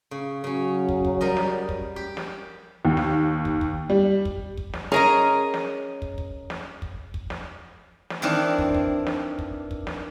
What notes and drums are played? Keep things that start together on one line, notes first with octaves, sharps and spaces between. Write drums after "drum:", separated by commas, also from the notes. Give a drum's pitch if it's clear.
C#3
C#3 F#3 C#4
drum: kick
drum: kick
G3 A#4 D#5
drum: snare
drum: kick
G4
drum: snare
D#2
drum: snare
drum: kick
drum: kick
G3
drum: kick
drum: kick
drum: snare
C#4 G#4 A#4 D#5 A#5
drum: snare
drum: kick
drum: kick
drum: snare
drum: kick
drum: kick
drum: snare
drum: snare
D#3 E3 C4 D4
drum: kick
drum: kick
drum: snare
drum: kick
drum: kick
drum: snare